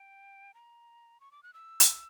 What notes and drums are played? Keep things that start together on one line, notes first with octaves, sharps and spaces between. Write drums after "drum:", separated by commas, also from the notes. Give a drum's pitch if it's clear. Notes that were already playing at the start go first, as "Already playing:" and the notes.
Already playing: G5
A#5
C#6
D6
F#6
E6
drum: hi-hat